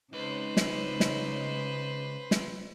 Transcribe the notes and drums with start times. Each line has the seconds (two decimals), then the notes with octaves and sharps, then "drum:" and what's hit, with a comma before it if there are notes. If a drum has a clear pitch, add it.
0.13 C#2 C#3 C4 C#4 D#4 B4 C5
0.57 drum: snare
1.00 drum: snare
2.31 drum: snare